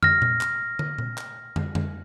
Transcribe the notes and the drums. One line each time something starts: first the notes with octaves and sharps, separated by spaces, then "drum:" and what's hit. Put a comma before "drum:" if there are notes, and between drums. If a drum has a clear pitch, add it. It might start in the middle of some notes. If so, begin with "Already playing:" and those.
F6 A#6, drum: tom
drum: tom A#2
drum: clap
drum: tom
drum: tom A#2
drum: clap
drum: tom
drum: tom